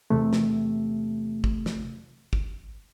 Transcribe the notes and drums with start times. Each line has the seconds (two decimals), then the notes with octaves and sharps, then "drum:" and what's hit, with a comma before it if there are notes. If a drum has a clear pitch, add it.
0.10 E2 C3 A3
0.33 drum: snare
1.44 drum: kick
1.66 drum: snare
2.33 drum: kick